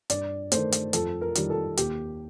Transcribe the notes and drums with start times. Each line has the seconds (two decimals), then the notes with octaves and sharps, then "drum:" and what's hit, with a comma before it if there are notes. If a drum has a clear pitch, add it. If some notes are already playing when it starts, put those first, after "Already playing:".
0.10 G2 D5, drum: hi-hat
0.52 D#3 A3 C5, drum: hi-hat
0.72 drum: hi-hat
0.93 F2 A4, drum: hi-hat
1.21 A#4
1.35 D#3 G3, drum: hi-hat
1.50 A4
1.77 D#2 G4, drum: hi-hat